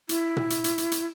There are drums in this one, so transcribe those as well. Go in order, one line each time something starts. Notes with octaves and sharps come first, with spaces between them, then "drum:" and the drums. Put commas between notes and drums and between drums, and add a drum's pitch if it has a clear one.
E4, drum: hi-hat
drum: tom A#2
drum: hi-hat
drum: hi-hat
drum: hi-hat
drum: hi-hat